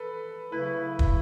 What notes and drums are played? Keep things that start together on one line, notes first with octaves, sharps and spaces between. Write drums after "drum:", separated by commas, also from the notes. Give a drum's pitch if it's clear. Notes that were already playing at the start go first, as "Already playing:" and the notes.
Already playing: A4 B4
C#3 F#3 A3 E4 B4
drum: kick